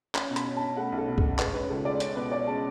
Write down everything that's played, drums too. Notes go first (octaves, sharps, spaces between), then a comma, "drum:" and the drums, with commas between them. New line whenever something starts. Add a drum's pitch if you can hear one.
C#4 B5, drum: clap
B2
B5, drum: hi-hat
C#4
A5
C#4
A3 F#5
B1
A4
B2
A4, drum: kick
B2
G#3 B4, drum: clap
C#4 B4
C#2 A4
G#3 D5
C#4 C#5, drum: hi-hat
B2 B4
C#4 D5
G#3 A5